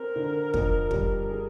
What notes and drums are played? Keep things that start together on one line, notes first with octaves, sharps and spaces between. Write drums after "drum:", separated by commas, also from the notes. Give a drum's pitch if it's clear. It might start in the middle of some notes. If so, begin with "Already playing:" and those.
Already playing: C4 A#4
D3
F2, drum: kick
G3, drum: kick
G#4